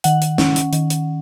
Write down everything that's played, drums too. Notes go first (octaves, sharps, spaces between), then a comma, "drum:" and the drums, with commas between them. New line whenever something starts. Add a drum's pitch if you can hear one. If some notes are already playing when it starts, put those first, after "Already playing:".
D#3 F#5, drum: hi-hat
drum: hi-hat
C#4, drum: snare
drum: hi-hat
D#3, drum: hi-hat
drum: hi-hat